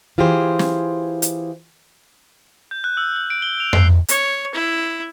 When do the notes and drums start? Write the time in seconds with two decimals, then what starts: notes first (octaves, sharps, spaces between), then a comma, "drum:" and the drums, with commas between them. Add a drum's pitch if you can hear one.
0.18 E3 F4 G4 G#4 C5
0.59 drum: snare
1.22 drum: hi-hat
2.71 G6
2.84 F#6
2.97 E6
3.16 F#6
3.30 D7
3.42 G7
3.60 F7
3.73 C7, drum: tom F2
4.08 C#5, drum: hi-hat
4.54 E4